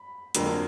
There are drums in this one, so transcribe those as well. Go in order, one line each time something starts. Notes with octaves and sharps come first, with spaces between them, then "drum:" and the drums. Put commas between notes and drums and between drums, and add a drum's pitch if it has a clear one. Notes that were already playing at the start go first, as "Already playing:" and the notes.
Already playing: B5
F2 D3 F#3 A#3, drum: hi-hat